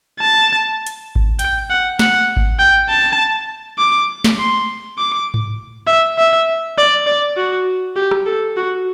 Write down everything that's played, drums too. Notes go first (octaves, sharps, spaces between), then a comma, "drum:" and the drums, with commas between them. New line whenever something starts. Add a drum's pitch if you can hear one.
A5
drum: hi-hat
drum: kick G#1
G5, drum: hi-hat
F#5
F#5, drum: snare
drum: kick G#1
G5
A5
D6
drum: snare
C6
D6
drum: tom G#2
E5
E5
D5
D5
F#4
G4
drum: rim click
A4
F#4